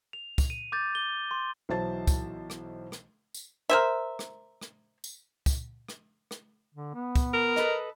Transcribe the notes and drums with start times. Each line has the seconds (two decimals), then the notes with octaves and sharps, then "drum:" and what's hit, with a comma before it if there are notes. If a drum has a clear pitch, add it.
0.13 F7
0.38 drum: kick, tambourine
0.50 D#7
0.72 D6 G6 A6
0.95 G7
1.31 C6
1.69 B1 E3 F#3 C5 A5 A6
2.07 drum: kick, tambourine
2.50 drum: rim click
2.92 drum: rim click
3.34 drum: tambourine
3.69 A#4 C5 E5
4.19 drum: rim click
4.61 drum: rim click
5.04 drum: tambourine
5.46 drum: kick, tambourine
5.88 drum: rim click
6.31 drum: rim click
6.74 D3
6.94 B3
7.15 drum: kick, tambourine
7.33 A#4
7.56 A4 B4 D#5, drum: rim click